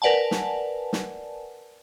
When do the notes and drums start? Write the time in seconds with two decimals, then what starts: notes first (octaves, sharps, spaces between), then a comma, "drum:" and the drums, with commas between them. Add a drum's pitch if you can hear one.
0.02 A#4 B4 D5 F#5 G#5 A5
0.31 drum: snare
0.93 drum: snare